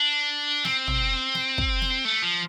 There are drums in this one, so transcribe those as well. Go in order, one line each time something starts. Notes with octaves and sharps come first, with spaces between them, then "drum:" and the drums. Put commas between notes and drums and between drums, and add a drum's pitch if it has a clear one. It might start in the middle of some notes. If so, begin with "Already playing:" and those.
Already playing: D4
C4, drum: snare
drum: tom
drum: snare
drum: kick
drum: snare
A3
F3